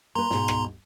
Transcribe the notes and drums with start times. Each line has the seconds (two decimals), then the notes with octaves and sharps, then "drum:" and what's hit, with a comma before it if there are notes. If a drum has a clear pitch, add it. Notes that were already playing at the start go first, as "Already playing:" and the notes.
0.15 A#3 B4 A#5 C6
0.30 G#2 B2 G#4, drum: snare
0.48 drum: rim click